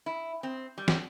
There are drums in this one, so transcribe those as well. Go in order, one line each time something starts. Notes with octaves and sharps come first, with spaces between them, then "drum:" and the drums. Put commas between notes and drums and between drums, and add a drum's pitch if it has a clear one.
E4
C4
G3
drum: snare